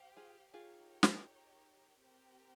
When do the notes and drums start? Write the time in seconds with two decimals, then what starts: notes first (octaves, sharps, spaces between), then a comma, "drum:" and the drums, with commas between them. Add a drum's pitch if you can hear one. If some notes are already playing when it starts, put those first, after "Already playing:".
Already playing: G4 C5 F5
0.17 F4 G#4
0.54 D#4 F4 G4 G#4 A#4 C#5
1.03 drum: snare
2.02 C4 G4 A#4